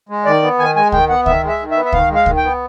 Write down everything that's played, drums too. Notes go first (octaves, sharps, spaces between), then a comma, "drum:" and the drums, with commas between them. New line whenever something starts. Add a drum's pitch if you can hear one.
G#3
D#3 D5
B3
D#3 G#5
G#3 G#5
D#3 G5, drum: kick C#2
B3 F#5
D#3 E5, drum: kick C#2
G#3
E5
D#3
B3 E5
E5
D#3 F5, drum: kick C#2
G#3
F5
D#3, drum: kick C#2
G5
B3